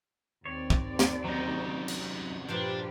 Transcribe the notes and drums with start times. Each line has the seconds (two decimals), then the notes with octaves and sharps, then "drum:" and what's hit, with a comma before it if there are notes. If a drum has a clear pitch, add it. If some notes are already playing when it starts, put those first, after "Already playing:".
0.46 D#2 C4 C#5 D5
0.70 drum: kick
0.99 drum: snare
1.24 C2 C#3 F#3 D#4
1.88 drum: cymbal
2.49 G2 A#2 F3 D4 G4 B4 C5